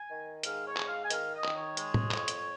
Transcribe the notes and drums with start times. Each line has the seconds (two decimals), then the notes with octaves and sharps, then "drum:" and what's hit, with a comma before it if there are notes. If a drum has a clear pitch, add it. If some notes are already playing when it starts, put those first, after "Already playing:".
Already playing: G#5
0.10 D#3
0.43 G#2 F5, drum: hi-hat
0.66 C#5
0.77 G#2, drum: clap
0.88 F5
1.03 G#5
1.10 D#3 F5, drum: hi-hat
1.33 D#5
1.44 D#3, drum: clap
1.56 C#5
1.77 G#3, drum: hi-hat
1.94 drum: tom A2
2.11 F2, drum: clap
2.28 drum: hi-hat